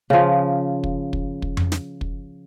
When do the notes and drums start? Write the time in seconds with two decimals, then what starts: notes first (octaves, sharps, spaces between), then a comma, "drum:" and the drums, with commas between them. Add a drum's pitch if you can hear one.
0.10 C#3 F3
0.84 drum: kick
1.13 drum: kick
1.42 drum: kick
1.57 drum: tom F2
1.72 drum: snare
2.01 drum: kick